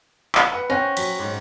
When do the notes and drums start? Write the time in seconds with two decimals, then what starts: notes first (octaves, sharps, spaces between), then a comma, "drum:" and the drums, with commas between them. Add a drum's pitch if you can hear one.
0.35 drum: clap
0.52 B4 F#5
0.70 C#4 C5 F#5 G5 A#6
0.97 F#3 B6, drum: cymbal
1.19 G#2